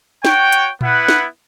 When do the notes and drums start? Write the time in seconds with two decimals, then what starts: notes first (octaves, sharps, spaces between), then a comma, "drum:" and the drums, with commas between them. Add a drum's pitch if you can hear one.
0.25 F#4 C#5 G5, drum: snare
0.52 drum: hi-hat
0.81 B3 E4 B4 F#5, drum: tom A#2
1.09 drum: snare